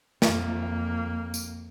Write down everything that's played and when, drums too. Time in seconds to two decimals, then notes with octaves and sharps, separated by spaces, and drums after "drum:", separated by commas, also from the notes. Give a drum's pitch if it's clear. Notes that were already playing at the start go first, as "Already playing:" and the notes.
0.22 F2 A#3, drum: snare
1.34 drum: tambourine